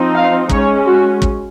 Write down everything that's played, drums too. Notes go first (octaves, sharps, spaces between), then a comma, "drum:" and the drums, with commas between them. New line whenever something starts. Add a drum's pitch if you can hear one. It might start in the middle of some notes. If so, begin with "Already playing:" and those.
Already playing: F3 C4 D#4
F5
G#3 C#4 C#5, drum: kick
F#4
drum: kick